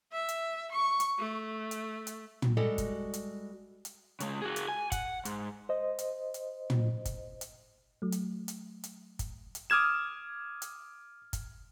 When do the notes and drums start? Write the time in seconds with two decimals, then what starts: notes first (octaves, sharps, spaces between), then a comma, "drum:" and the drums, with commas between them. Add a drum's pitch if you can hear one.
0.12 E5
0.29 drum: hi-hat
0.72 C#6
1.00 drum: hi-hat
1.19 A3
1.71 drum: hi-hat
2.07 drum: hi-hat
2.42 drum: tom
2.57 G3 G#3 F#4 A4 D#5
2.78 drum: kick F#1, hi-hat
3.14 drum: hi-hat
3.85 drum: hi-hat
4.20 C#3 G#3, drum: hi-hat
4.42 F#4 G#4
4.56 drum: hi-hat
4.68 G#5
4.92 F#5, drum: kick F#1, hi-hat
5.25 G#2, drum: hi-hat
5.69 C5 D#5
5.99 drum: hi-hat
6.34 drum: hi-hat
6.70 drum: tom
7.05 drum: kick F#1, hi-hat
7.41 drum: hi-hat
8.02 F#3 A3
8.12 drum: hi-hat
8.48 drum: hi-hat
8.84 drum: hi-hat
9.19 drum: kick F#1, hi-hat
9.55 drum: hi-hat
9.70 D6 D#6 F6 G#6 E7
10.62 drum: hi-hat
11.33 drum: kick F#1, hi-hat